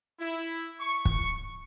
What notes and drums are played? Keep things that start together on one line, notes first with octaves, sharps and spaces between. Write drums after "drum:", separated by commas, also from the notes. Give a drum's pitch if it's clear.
E4
C#6
drum: kick